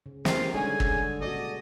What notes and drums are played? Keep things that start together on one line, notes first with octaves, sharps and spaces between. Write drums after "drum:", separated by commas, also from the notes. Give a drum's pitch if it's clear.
C#3
A1 C4 F4 G4 G#4 A#4, drum: snare
D3 G3 G#3 C#4 D#4 G#4 G#5
drum: kick
A#2 C#3 F#4 A4 D5 D#5